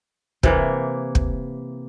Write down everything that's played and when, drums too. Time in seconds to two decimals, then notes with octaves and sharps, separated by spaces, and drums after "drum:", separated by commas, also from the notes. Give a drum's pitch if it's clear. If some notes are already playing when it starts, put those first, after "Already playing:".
0.43 C3 E3 A#3, drum: kick
1.15 drum: kick